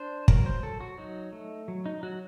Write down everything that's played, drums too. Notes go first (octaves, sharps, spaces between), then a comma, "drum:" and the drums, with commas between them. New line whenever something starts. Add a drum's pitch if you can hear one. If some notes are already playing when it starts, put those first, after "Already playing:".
Already playing: D4 C5
F#3 A#4, drum: kick
C5
F#3 A4
F#4
F#3 D#4
A3
F#3
D#4
F#3 F#4